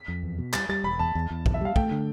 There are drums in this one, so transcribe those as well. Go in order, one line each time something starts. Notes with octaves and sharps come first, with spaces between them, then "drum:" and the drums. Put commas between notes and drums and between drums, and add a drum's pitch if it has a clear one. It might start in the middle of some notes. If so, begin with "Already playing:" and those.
Already playing: B6
F2
E2
B2
G3 A6, drum: clap
G3 A6
E1 B5
E2 A5
E2
E2
B1, drum: kick
E5
G3 F5
A3 G5, drum: kick
D3